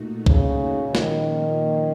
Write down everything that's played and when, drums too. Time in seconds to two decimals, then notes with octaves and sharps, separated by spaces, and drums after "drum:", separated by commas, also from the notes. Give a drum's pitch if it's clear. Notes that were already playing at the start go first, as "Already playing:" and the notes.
Already playing: A#2 A3 D#4 F#4
0.26 C#3, drum: kick
0.95 A#2 D#3 F3 A#3 C#4, drum: snare